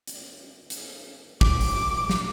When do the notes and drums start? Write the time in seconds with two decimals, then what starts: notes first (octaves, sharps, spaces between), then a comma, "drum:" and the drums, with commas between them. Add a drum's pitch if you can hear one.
0.07 drum: hi-hat
0.70 drum: hi-hat
1.41 D6, drum: kick
1.61 drum: open hi-hat
2.10 drum: snare